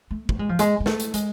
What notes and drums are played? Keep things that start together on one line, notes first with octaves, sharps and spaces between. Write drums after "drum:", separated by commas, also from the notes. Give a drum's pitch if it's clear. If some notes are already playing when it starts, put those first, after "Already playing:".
A3
A3, drum: kick
G#3
F3
G#3, drum: hi-hat
G#3
A3, drum: snare
drum: hi-hat
G#3, drum: hi-hat